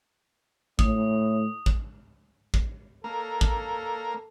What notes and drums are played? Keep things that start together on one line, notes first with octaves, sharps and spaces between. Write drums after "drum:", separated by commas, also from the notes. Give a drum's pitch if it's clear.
A2 D#6, drum: kick
drum: kick
drum: kick
A#3 A4
drum: kick